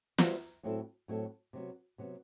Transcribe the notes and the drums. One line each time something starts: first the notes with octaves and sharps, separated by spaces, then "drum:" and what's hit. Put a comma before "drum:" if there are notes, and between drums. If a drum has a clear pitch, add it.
G3 B3 F#4 C5 E5, drum: snare
A2 F#3 C4 E4 A4
A2 F#3 C4 E4 A4
C3 F#3 B3
C3 F#3 B3